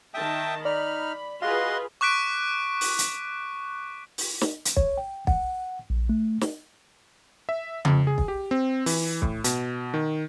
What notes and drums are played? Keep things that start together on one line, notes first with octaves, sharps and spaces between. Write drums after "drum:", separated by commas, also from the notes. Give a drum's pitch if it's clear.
D#3 E5 G5 A5 D#6
D#4 D5 B5 F6
F4 F#4 G#4 B4 D#5 F5 C6
C#6 D6 F#6 B6 D7
drum: open hi-hat
drum: hi-hat
drum: open hi-hat
drum: snare
drum: hi-hat
C#5, drum: kick
G5
F#5, drum: kick
A#1
A3
drum: snare
E5
F2, drum: tom C#3
G#4
drum: kick
G4
C4
E3, drum: open hi-hat
A2, drum: kick
B2, drum: hi-hat
D#3